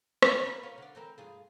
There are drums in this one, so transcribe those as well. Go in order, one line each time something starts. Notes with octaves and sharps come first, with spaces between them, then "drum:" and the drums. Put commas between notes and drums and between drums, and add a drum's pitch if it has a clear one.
F3 G3 G4, drum: rim click
A#4 B4
F4 A#4 C#5
D3 D5
E3 C4 A#4
G2 F4 G#4